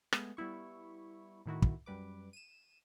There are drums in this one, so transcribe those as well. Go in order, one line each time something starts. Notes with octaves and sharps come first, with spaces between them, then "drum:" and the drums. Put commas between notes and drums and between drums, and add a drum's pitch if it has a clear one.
G#3 A3 B3 G#4, drum: rim click
G3 B3 E4 C#6
A2 D#3 E4 F#4
drum: kick
F#2 G3 B4 D6
D#7 E7